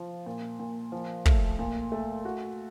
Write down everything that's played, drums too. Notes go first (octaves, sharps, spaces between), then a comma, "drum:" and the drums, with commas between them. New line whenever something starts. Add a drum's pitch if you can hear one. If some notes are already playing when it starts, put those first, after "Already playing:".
Already playing: F3 F4
A#2
A#2
F3
A3, drum: kick
A#2
A3
F#4